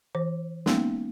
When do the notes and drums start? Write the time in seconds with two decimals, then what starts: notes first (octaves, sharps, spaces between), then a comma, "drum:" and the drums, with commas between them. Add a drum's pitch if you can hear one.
0.15 E3 C5
0.66 G#3 A#3 B3 C#4 D#4, drum: snare